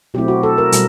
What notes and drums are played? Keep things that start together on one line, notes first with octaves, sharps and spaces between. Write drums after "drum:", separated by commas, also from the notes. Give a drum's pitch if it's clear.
B2 F#3 A3 C4 E4 G4
F#4
A4
A#4
B2 G3, drum: hi-hat